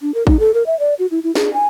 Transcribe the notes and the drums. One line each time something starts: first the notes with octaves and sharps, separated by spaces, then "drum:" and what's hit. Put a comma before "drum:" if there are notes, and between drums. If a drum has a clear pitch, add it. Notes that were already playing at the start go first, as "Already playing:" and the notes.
D4
A#4
D#4, drum: kick A1
A4
A#4
E5
D5
F#4
E4
E4
G#4, drum: snare
G#5